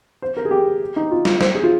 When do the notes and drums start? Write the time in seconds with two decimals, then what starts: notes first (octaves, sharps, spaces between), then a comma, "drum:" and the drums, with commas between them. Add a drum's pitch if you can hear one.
0.22 C5
0.37 A#4
0.45 G#4
0.51 G4
0.96 D#4
1.11 F4
1.25 F4, drum: snare
1.41 C5, drum: snare
1.55 G#4
1.63 F4